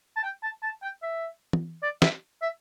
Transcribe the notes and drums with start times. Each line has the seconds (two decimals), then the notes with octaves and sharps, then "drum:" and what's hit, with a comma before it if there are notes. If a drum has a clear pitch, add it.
0.16 A5
0.23 G5
0.43 A5
0.63 A5
0.82 G5
1.02 E5
1.53 drum: tom
1.83 D5
2.02 E5, drum: snare
2.42 E5